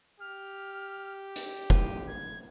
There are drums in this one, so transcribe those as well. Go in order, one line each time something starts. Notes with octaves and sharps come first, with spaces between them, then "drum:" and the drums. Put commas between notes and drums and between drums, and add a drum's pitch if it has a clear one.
G4 F6
drum: hi-hat
D#7, drum: kick
G#6